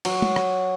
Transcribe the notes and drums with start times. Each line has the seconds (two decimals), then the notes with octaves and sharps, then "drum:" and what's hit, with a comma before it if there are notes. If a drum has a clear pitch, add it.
0.05 F#3, drum: cymbal
0.22 drum: tom
0.36 drum: rim click